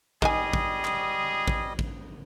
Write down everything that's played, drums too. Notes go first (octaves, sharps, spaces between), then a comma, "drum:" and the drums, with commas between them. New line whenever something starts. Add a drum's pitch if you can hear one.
D#3 G3 G#4 D#5 G#5, drum: kick
drum: kick
drum: clap
drum: kick
drum: kick